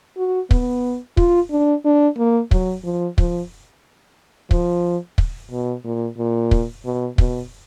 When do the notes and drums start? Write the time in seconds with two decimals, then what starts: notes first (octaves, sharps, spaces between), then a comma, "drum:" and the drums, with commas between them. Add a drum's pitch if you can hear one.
0.17 F#4
0.51 B3, drum: kick
1.17 F4, drum: kick
1.51 D4
1.85 D4
2.17 A#3
2.51 F#3, drum: kick
2.84 F3
3.18 F3, drum: kick
4.51 F3, drum: kick
5.18 drum: kick
5.51 B2
5.84 A#2
6.18 A#2
6.51 drum: kick
6.85 B2
7.18 B2, drum: kick